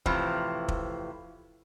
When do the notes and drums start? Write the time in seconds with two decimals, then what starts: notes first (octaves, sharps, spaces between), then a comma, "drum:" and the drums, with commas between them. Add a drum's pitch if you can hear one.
0.06 A2 C3 E3 F3, drum: kick
0.68 drum: kick